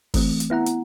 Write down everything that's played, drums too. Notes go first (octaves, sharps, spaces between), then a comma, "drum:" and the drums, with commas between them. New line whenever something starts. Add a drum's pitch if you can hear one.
E3 A3 C4, drum: kick, open hi-hat
drum: hi-hat
B3 E4 F#5 A#5
drum: hi-hat